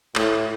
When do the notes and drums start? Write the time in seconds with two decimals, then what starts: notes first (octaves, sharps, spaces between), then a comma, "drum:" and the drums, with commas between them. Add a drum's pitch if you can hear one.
0.16 A2, drum: clap